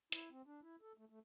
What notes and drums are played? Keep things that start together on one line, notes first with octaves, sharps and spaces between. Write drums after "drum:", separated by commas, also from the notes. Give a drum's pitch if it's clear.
E4, drum: hi-hat
C4
D4
E4
A4
A3
A3